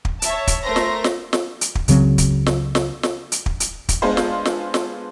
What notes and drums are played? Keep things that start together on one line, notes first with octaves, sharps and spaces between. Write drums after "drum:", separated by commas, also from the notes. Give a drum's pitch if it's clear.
drum: kick
C#5 E5 A5, drum: hi-hat
drum: kick, hi-hat
A3 A#4 C5 A#5 C6 A#6
drum: snare
drum: snare
drum: snare
drum: hi-hat
drum: kick
C#2 C#3 F#3 C4, drum: hi-hat
drum: kick, hi-hat
drum: snare
drum: snare
drum: snare
drum: hi-hat
drum: kick
drum: hi-hat
drum: kick, hi-hat
G#3 B3 D4 F4 G#4 C5
drum: snare
drum: snare
drum: snare